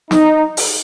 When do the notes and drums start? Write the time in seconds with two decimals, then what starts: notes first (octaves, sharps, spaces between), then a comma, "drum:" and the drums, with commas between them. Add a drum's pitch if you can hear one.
0.11 D#4, drum: snare
0.57 drum: open hi-hat